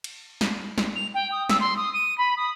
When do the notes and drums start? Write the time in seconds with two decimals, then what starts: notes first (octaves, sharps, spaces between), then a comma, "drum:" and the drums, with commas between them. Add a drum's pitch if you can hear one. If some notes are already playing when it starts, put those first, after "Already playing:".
0.04 drum: cymbal
0.41 drum: snare
0.78 drum: snare
0.96 F7
1.14 G5
1.32 D#6
1.49 E6, drum: snare
1.61 C6
1.77 D#6
1.94 D#7
2.18 B5
2.37 D#6